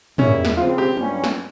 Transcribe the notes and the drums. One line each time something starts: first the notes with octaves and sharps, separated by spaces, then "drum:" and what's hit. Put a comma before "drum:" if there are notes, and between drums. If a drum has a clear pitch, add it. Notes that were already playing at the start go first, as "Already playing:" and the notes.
E2 C#3 G3 A#3 C#4 E4, drum: tom
drum: snare
C#3 F3 C4 F4
G4
G2 G3 C#4 F4, drum: tom
drum: snare